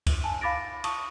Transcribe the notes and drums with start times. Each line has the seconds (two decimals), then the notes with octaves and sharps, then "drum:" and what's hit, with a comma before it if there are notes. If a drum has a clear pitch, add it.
0.07 drum: kick C#2, cymbal
0.24 G#5 A5
0.41 F5 B5 D6 A6 A#6 D7
0.84 A5 C#6 D#6, drum: cymbal